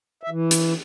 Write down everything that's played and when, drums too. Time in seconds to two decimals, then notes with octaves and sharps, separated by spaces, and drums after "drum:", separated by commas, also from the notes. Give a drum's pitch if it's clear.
0.23 E5
0.30 E3
0.51 drum: hi-hat